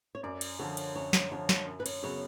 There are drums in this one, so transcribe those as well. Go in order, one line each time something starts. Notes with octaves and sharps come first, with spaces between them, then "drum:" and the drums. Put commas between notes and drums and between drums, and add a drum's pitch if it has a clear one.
C#5
F#2 D5
drum: cymbal
D3 F3 C#5
drum: cymbal
F#2 C#5
drum: snare
D3 F3 C#5
drum: snare
F#2
B4
C#5, drum: cymbal
C#3 F#3 B3 C#5